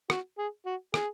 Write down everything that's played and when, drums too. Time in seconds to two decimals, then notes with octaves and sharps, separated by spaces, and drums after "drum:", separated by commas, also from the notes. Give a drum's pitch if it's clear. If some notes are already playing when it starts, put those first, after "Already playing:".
0.10 F#4, drum: rim click
0.38 G#4
0.66 F#4
0.94 G#4, drum: rim click